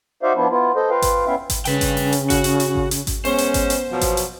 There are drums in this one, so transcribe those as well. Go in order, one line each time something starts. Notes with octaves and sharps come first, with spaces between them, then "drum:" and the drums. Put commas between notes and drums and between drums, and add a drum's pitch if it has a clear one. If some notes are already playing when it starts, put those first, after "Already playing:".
D#4 F#4 C5 D5 E5 F5
F3 B3 D4 E4
B3 E4 F4
A4 C5 D#5
F4 B4 F5 G5
drum: kick G#1, hi-hat
B3 C#4 E4 E5 F5 G5
drum: kick G#1, hi-hat
C#3 B4 G5, drum: hi-hat
drum: kick G#1, hi-hat
drum: open hi-hat
drum: hi-hat
F#4, drum: kick G#1, hi-hat
drum: hi-hat
drum: hi-hat
drum: kick G#1
drum: hi-hat
drum: kick G#1, hi-hat
G#3 B3 C#4 C5, drum: open hi-hat
drum: hi-hat
drum: kick G#1, hi-hat
drum: hi-hat
B2 F3 F#3
drum: kick G#1, hi-hat
drum: hi-hat